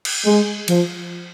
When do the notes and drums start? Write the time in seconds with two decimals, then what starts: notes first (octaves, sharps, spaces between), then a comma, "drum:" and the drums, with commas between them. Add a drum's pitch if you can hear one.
0.05 drum: cymbal
0.25 G#3
0.68 F3, drum: cymbal